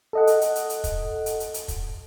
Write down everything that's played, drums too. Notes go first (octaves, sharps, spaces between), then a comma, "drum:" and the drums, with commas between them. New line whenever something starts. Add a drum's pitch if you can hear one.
A4 D#5 F#5
drum: hi-hat
drum: hi-hat
drum: hi-hat
drum: hi-hat
drum: kick, hi-hat
drum: hi-hat
drum: hi-hat
drum: hi-hat
drum: kick, hi-hat